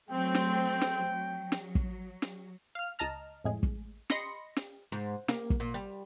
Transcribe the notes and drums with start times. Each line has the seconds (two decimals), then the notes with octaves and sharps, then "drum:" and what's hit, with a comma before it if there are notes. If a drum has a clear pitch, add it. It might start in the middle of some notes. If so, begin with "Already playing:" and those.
0.11 F#3 A3 C4 G5
0.35 drum: snare
0.81 drum: snare
1.07 F#3
1.52 drum: snare
1.75 drum: kick
2.22 drum: snare
2.75 F5 F6
2.99 C#2 D#5 A5 A#5 F6
3.44 F2 A2 G#3 G#4
3.63 drum: kick
4.10 D#5 B5 C6 A#6 C#7, drum: snare
4.57 drum: snare
4.92 G#2
5.28 A#3, drum: snare
5.50 drum: kick
5.60 A#2
5.74 G3